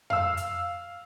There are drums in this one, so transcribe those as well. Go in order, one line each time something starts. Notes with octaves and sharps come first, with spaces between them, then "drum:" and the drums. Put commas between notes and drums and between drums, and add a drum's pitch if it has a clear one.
F5 E6, drum: tom F2
drum: hi-hat